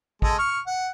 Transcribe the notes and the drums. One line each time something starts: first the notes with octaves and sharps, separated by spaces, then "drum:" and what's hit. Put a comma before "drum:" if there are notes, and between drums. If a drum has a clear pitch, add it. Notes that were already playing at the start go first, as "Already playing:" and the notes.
G#3 A4, drum: kick G#1
C#6 F6
F#5